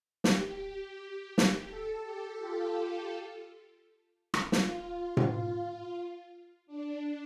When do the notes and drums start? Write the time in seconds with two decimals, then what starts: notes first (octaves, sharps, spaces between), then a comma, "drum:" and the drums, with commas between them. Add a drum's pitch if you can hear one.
0.24 G4, drum: snare
1.38 drum: snare
1.67 A4
2.02 G4
2.38 F4
4.34 drum: rim click
4.52 F4, drum: snare
4.88 F4
5.17 drum: tom A2
6.67 D4